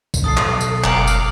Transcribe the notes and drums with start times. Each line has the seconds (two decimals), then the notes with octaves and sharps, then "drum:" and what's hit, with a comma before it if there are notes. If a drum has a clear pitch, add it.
0.14 drum: kick, tambourine
0.24 B1 A4 D#6 C7
0.37 drum: clap
0.61 drum: tambourine
0.84 F#1 F5 A#5 D6 F#6 C#7, drum: clap
1.07 drum: tambourine